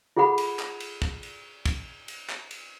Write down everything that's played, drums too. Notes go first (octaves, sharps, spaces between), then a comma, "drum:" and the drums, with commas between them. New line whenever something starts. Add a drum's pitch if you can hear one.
F4 G#4 A4 F#5 B5
drum: cymbal
drum: clap
drum: cymbal
drum: kick
drum: cymbal
drum: kick, cymbal
drum: cymbal
drum: clap
drum: cymbal